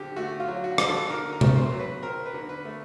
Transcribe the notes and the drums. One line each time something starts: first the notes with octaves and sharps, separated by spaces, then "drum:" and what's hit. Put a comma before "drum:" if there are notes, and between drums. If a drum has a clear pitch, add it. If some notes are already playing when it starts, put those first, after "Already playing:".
Already playing: D3 C4 G4
A3 F#4
F4
F#3
F#4
C4, drum: rim click
A4
D3 A#4
A#4
A3, drum: tom C3
C5
F#3
B4
C4 A#4
B4
D3
B4
A3